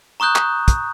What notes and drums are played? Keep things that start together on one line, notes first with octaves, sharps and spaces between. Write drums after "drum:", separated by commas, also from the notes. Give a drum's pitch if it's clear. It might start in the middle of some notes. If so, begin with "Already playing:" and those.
A#5 C#6 D#6 F#6 G6
drum: clap
drum: kick, hi-hat